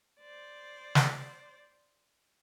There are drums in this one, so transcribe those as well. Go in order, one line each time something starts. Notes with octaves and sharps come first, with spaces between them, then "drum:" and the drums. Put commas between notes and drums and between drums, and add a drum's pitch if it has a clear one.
C5 D5
drum: snare